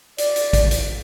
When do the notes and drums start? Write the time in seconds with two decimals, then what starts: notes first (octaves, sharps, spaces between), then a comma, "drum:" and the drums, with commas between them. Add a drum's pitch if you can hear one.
0.18 D5, drum: hi-hat
0.36 drum: hi-hat
0.53 drum: kick, hi-hat
0.71 drum: hi-hat